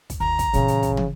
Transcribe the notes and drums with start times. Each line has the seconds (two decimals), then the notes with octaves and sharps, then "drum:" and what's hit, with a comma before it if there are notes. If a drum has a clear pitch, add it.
0.10 drum: kick, hi-hat
0.20 D#2 A#5
0.39 drum: kick, hi-hat
0.53 A#2 C#3 E3, drum: hi-hat
0.68 drum: hi-hat
0.83 drum: kick, hi-hat
0.97 drum: tom